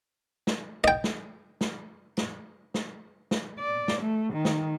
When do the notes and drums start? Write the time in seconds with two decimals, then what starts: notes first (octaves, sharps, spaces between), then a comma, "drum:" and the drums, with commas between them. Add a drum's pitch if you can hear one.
0.47 drum: snare
0.84 D#5 G5
1.04 drum: snare
1.61 drum: snare
2.18 drum: snare
2.74 drum: snare
3.31 drum: snare
3.60 D5
3.88 drum: snare
4.02 A3
4.33 D#3
4.45 drum: snare